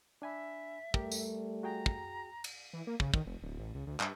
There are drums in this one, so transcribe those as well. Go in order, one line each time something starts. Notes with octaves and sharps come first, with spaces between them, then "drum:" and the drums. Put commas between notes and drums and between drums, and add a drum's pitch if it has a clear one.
D4 E5 G#5 B5
G3 A3 G4 A#4, drum: kick
drum: tambourine
F#4 G#4 G5 A#5
drum: kick
drum: cymbal
E3
A#3
C#3, drum: kick
D#3, drum: kick
F1
D1
A1
C#2
D2
G2, drum: clap